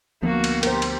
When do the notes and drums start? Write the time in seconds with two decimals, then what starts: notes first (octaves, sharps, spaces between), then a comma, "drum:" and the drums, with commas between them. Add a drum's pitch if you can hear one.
0.22 D2 F3 A#3 B3 F#4
0.44 drum: cymbal
0.63 G4 A#4 C5, drum: cymbal
0.82 drum: cymbal